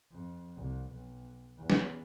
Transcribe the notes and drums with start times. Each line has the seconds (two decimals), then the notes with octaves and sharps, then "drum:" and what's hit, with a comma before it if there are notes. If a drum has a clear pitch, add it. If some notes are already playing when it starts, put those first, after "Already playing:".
0.11 F2
0.55 C2
0.91 B1
1.57 E2
1.70 drum: snare